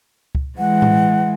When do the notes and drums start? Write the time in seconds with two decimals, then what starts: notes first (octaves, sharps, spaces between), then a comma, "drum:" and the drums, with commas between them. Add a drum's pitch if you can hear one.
0.35 drum: kick C#2
0.58 E3 G#3 F#5
0.82 drum: tom A2